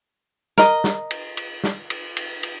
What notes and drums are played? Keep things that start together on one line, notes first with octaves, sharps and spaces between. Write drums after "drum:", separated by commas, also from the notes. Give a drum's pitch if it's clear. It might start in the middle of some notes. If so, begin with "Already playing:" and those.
A#4 D#5, drum: snare
drum: snare
drum: cymbal
drum: cymbal
drum: snare
drum: cymbal
drum: cymbal
drum: cymbal